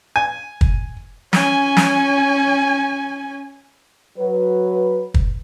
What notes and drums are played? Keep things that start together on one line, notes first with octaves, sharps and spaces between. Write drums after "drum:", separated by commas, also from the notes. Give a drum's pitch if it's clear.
G#5
drum: kick
C#4 G#5, drum: snare
drum: snare
F#3 B4
drum: kick